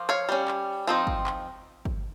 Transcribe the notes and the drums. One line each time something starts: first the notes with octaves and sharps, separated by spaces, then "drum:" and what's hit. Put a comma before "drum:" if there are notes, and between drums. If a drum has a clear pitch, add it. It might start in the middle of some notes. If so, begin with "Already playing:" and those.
Already playing: F3 A#3
C#5 F5
G3 C#4
drum: clap
F3 C4 D#4
drum: kick
drum: clap
drum: kick